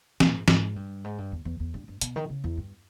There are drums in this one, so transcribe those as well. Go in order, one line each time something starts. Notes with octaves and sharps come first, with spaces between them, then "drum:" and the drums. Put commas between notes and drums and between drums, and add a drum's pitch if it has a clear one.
A#2, drum: snare
G#2
G#2, drum: snare
G2
G#2
G2
E2
E2
E2
G2
G2
B2, drum: hi-hat
D#3
C#3
E2
G2